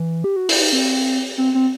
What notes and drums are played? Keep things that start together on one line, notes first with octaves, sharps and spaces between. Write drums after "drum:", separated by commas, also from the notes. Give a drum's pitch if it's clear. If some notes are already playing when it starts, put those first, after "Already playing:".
Already playing: E3
G4
F#4
E4, drum: open hi-hat
D#4
C4
C4
C4